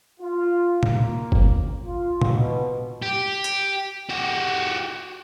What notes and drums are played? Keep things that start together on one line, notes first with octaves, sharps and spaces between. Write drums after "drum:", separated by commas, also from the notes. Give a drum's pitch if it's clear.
F4
A#3, drum: tom A#2
drum: kick G1
F4
drum: tom A#2
B2
G4
drum: hi-hat
F#4 G4